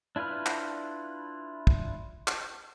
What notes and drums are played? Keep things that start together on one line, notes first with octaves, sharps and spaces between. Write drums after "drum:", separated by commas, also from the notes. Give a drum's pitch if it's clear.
D4 E4 F4 B4 F6
drum: clap
drum: kick
drum: clap